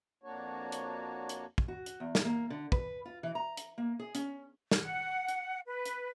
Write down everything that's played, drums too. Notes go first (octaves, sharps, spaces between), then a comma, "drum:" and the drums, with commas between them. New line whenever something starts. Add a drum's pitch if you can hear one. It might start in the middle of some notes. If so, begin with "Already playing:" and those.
F2 A#3 D4 F#4 C#5
drum: hi-hat
drum: hi-hat
drum: kick
F#4
drum: hi-hat
E2
drum: snare
A#3
D3
B4, drum: kick
F4
E3
A#5
drum: hi-hat
A#3
G#4
C#4, drum: hi-hat
drum: snare
F#5
drum: hi-hat
B4
drum: hi-hat